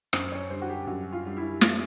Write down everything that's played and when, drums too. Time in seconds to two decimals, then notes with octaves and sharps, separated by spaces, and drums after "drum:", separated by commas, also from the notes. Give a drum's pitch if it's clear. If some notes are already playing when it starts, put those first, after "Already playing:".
0.13 F#2 C5, drum: rim click
0.32 C#5
0.50 D3 G3 C5
0.62 F#4
0.69 G4
0.87 F#2 F#4
1.13 F4
1.25 D3 G3
1.37 E4
1.61 F4, drum: snare